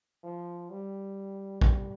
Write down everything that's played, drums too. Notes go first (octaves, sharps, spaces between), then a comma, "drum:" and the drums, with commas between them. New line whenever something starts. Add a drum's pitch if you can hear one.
F3
G3
G3, drum: kick A#1